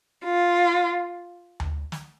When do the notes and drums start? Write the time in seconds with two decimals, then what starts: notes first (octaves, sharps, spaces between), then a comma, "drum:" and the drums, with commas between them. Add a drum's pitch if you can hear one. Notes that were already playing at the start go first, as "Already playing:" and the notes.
0.24 F4
1.60 drum: tom D2
1.92 drum: snare